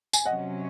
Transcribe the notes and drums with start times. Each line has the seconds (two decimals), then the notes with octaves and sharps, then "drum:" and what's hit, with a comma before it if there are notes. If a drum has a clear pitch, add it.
0.13 G#5, drum: tambourine
0.25 C3 F#3 C#4 D#5 F#5